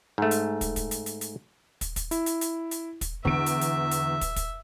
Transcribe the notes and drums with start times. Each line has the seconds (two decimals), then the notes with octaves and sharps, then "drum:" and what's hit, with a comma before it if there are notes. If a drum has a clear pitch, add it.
0.18 G#2 A3
0.31 drum: hi-hat
0.61 drum: kick, hi-hat
0.76 drum: kick, hi-hat
0.91 drum: hi-hat
1.06 drum: hi-hat
1.21 drum: hi-hat
1.81 drum: kick, hi-hat
1.96 drum: kick, hi-hat
2.11 E4, drum: hi-hat
2.26 drum: hi-hat
2.41 drum: hi-hat
2.71 drum: hi-hat
3.01 drum: kick, hi-hat
3.25 E2 D3 E5 D7
3.46 drum: hi-hat
3.61 drum: hi-hat
3.91 drum: hi-hat
4.21 drum: kick, hi-hat
4.36 drum: kick, hi-hat